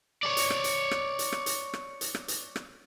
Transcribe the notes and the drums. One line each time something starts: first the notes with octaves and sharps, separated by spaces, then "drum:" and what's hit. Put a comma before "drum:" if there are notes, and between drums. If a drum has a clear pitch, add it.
C#5 D5
drum: hi-hat
drum: rim click
drum: hi-hat
drum: rim click
drum: hi-hat
drum: rim click
drum: hi-hat
drum: rim click
drum: hi-hat
drum: rim click
drum: hi-hat
drum: rim click